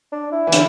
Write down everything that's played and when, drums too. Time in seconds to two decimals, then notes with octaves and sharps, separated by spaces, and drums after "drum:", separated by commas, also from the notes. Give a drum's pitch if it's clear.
0.12 D4
0.32 E4
0.47 E3
0.52 D3, drum: hi-hat